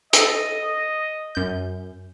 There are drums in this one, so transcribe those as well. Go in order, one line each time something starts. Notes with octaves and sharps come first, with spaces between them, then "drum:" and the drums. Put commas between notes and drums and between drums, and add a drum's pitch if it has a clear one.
A4 D#5, drum: hi-hat
F#2 G6